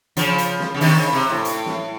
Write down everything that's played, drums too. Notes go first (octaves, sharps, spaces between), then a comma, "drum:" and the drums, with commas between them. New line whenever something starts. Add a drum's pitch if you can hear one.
C#3 F3, drum: hi-hat
drum: hi-hat
drum: snare
C#3
C3 D#3, drum: open hi-hat
C#3
C3
A2
drum: hi-hat
drum: snare